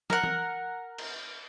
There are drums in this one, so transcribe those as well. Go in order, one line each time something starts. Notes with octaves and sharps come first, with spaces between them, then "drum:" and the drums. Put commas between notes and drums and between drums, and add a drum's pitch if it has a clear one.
A#4 F#5, drum: snare
drum: tom E3
drum: cymbal